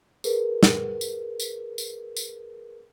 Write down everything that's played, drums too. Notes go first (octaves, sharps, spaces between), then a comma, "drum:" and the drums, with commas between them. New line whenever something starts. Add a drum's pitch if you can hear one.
G#4 A#4 B4, drum: tambourine
drum: snare
drum: tambourine
drum: tambourine
drum: tambourine
drum: tambourine